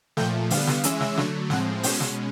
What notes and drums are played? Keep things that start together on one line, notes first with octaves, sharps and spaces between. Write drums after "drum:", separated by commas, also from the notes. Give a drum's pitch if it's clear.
A#2 F3 A3 G5 G6, drum: snare
D3 G3 B3 F5 F6, drum: open hi-hat
drum: snare
E3 G#3 C#4 E5 E6, drum: hi-hat
drum: snare
D3 F#3 A3, drum: snare
A2 F3 G#3 C4 F#5 F#6, drum: snare
B2 G#3 C#4 G5 G6, drum: open hi-hat
drum: snare